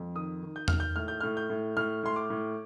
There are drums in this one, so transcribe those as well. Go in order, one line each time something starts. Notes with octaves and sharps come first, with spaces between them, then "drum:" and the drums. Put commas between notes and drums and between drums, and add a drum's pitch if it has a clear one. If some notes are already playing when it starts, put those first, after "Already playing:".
Already playing: F2
D#3 D#6
D#3
G6
D#3 F6, drum: tom E2
G6
A2 F6
G6
A2 F6
G6
A2
A2 F6
A2 C6
D6
A2